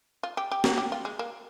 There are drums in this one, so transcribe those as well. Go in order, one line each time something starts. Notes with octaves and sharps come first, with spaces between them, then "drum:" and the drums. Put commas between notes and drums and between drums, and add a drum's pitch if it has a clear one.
F4
G4
G4
A#4, drum: snare
G4
F4
G#3
A#3